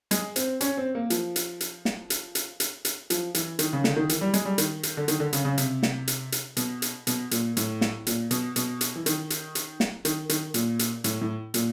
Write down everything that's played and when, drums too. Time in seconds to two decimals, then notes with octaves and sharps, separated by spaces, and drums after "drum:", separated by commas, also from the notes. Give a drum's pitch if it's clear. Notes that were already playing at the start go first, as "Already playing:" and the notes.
0.11 G#3, drum: hi-hat
0.36 C4, drum: hi-hat
0.61 C#4, drum: hi-hat
0.77 C4
0.95 A#3
1.10 F3, drum: hi-hat
1.36 drum: hi-hat
1.60 drum: hi-hat
1.85 drum: snare
2.10 drum: hi-hat
2.35 drum: hi-hat
2.60 drum: hi-hat
2.85 drum: hi-hat
3.10 F3, drum: hi-hat
3.35 E3, drum: hi-hat
3.59 D#3, drum: hi-hat
3.73 C#3
3.84 D3, drum: snare
3.96 D#3
4.09 E3, drum: hi-hat
4.21 G3
4.34 G#3, drum: hi-hat
4.45 G3
4.58 D#3, drum: hi-hat
4.83 drum: hi-hat
4.97 D3
5.08 D#3, drum: hi-hat
5.20 D3
5.33 C#3, drum: hi-hat
5.45 C#3
5.58 C3, drum: hi-hat
5.83 drum: snare
6.07 drum: hi-hat
6.32 drum: hi-hat
6.57 B2, drum: hi-hat
6.82 drum: hi-hat
7.07 B2, drum: hi-hat
7.31 A#2, drum: hi-hat
7.57 A2, drum: hi-hat
7.81 drum: snare
8.07 A#2, drum: hi-hat
8.31 B2, drum: hi-hat
8.56 B2, drum: hi-hat
8.81 drum: hi-hat
8.96 E3
9.06 D#3, drum: hi-hat
9.30 drum: hi-hat
9.55 drum: hi-hat
9.80 drum: snare
10.05 D#3, drum: hi-hat
10.29 D#3, drum: hi-hat
10.54 A#2, drum: hi-hat
10.79 drum: hi-hat
11.04 A2, drum: hi-hat
11.21 A2
11.54 A#2, drum: hi-hat